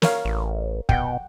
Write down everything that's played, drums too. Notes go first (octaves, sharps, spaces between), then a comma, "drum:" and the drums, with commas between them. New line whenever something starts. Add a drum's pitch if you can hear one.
A#4 C#5 F5, drum: snare
A1
B2 F#5 G5, drum: kick